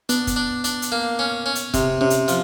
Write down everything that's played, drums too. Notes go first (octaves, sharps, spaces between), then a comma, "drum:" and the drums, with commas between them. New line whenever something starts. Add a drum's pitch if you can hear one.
B3 D4, drum: hi-hat
drum: kick, hi-hat
D4
D4, drum: hi-hat
drum: hi-hat
A#3
C#4
C#4
drum: hi-hat
C3 C4, drum: kick, hi-hat
C3 C#4
drum: hi-hat
F3, drum: hi-hat